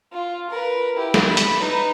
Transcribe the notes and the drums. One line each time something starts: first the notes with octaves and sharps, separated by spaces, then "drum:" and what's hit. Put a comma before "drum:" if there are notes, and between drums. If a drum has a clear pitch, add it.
F4
A#4 B4
E4 G4
drum: snare
B5
drum: hi-hat
D#4 B4